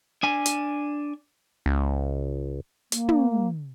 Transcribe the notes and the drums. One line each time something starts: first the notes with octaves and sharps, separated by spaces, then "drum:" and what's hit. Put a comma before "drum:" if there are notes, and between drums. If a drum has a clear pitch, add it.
D4 G#5
drum: hi-hat
C#2
A#3, drum: hi-hat
drum: tom